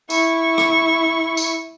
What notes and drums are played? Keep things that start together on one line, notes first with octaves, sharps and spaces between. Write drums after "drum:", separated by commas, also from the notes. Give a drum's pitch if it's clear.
E4 C#6, drum: tambourine
drum: rim click
drum: tambourine